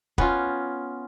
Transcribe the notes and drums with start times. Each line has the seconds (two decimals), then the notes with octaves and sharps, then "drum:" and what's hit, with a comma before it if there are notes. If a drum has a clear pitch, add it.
0.18 B3 C#4 F4, drum: kick